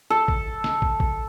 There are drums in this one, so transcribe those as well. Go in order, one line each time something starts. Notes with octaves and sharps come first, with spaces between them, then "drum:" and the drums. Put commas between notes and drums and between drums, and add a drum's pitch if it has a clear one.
A4
drum: kick
drum: snare
drum: kick
drum: kick